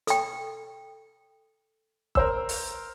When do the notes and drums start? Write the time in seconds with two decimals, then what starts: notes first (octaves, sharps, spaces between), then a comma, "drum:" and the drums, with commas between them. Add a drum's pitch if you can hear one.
0.07 A4 G5, drum: hi-hat
2.15 A#4 C5 E6, drum: kick
2.49 drum: open hi-hat